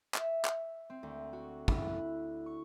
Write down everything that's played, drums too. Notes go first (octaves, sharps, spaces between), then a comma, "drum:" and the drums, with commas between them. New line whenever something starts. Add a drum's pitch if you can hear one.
E5, drum: clap
drum: clap
C4
D2
F#4
E4, drum: kick
F#6
C#6